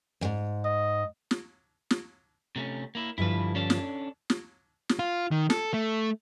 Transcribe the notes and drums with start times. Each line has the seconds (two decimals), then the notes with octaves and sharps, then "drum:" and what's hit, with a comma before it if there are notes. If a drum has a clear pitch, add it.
0.21 F2 G#2
0.65 D#5
1.31 drum: snare
1.91 drum: snare
2.56 C3 A3 C#4
2.95 A#3 E4
3.18 G2 D3 F3 E4 B4
3.55 C#4 D4 A4
3.70 drum: snare
4.30 drum: snare
4.89 drum: snare
4.99 F4
5.31 D#3
5.50 A4, drum: snare
5.74 A3